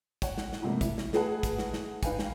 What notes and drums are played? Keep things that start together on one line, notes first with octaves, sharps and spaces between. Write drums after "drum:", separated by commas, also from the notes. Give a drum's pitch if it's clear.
C#5 F#5, drum: kick, hi-hat
drum: snare
drum: snare
F2 G#2 C3 A3 A#3
E4, drum: kick, hi-hat
drum: snare
A3 G#4 B4 F#5 A5, drum: snare
drum: kick, hi-hat
drum: snare
drum: snare
D#4 B4 F5 G5 G#5, drum: kick, hi-hat
drum: snare